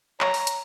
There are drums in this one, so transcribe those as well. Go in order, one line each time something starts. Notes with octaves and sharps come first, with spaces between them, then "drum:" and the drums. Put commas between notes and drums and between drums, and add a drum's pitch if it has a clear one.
C#5 A#5, drum: clap
drum: open hi-hat
drum: hi-hat